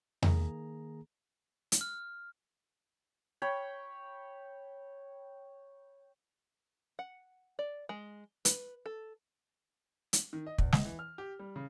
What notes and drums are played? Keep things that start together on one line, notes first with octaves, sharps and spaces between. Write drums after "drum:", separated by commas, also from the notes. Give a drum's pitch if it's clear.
D#3 A#3 G#4 A#5, drum: tom E2
drum: hi-hat
F6
C#5 G5 B5
F#5
D5
G#3
B4, drum: hi-hat
A4
drum: hi-hat
D#3
D#5
E2, drum: kick
D#5, drum: snare
E3
F6
G4
G3
C#3